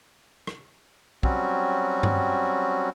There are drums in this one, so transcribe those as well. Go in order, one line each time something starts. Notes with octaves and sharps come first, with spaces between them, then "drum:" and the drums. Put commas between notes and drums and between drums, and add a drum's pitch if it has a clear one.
drum: rim click
F#3 G3 C4 C#4 F#4, drum: kick
drum: tom G2